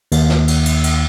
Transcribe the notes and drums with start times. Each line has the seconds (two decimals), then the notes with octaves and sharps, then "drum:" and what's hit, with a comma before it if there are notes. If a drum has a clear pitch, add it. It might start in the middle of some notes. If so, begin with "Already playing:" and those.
0.12 D#2, drum: cymbal
0.30 drum: snare
0.48 drum: cymbal
0.66 drum: cymbal
0.84 drum: cymbal